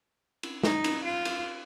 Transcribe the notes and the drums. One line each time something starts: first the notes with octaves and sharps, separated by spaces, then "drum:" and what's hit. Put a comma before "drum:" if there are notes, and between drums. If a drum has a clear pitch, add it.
drum: cymbal
D#4, drum: snare
drum: cymbal
F4
drum: cymbal